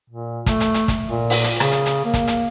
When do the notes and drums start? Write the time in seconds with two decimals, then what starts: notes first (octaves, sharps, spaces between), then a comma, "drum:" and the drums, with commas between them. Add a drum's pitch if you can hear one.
0.10 A#2
0.46 A3, drum: kick, hi-hat
0.60 drum: hi-hat
0.74 drum: hi-hat
0.88 drum: kick, hi-hat
1.09 A#2
1.30 drum: open hi-hat
1.44 drum: hi-hat
1.60 C#3, drum: rim click
1.72 drum: hi-hat
1.86 drum: hi-hat
2.04 A#3
2.14 drum: kick, hi-hat
2.27 drum: hi-hat